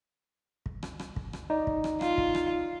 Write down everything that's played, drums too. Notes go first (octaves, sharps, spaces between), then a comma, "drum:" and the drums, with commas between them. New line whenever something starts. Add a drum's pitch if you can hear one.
drum: kick
drum: rim click
drum: rim click
drum: kick
drum: rim click
D#4 D5
drum: kick
drum: rim click
F4, drum: rim click
drum: kick
drum: rim click